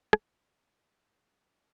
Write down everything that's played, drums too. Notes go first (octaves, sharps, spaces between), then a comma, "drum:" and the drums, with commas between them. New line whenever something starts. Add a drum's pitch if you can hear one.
A#2 E3, drum: rim click
F3 D#5
E5 G5
D4
G#3 D5